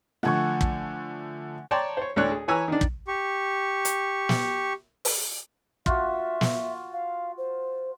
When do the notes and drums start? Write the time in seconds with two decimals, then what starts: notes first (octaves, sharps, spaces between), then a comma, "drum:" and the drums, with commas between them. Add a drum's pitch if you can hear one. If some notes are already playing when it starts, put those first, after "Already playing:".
0.23 D3 F3 A3 F#5 G#5 C#6
0.61 drum: kick
1.71 C#5 D5 G5 A5 A#5 C6
1.97 C5 C#5
2.16 D2 A2 D4 C#5 F#6
2.31 G#4
2.48 E3 B4 C#5 G#5 A#5 E6
2.68 D#3 D4
2.81 drum: kick
3.08 G4 C#6
3.85 drum: hi-hat
4.29 drum: snare
5.05 drum: open hi-hat
5.86 F4 F#4 E5, drum: kick
6.41 drum: snare
6.93 F5
7.38 C5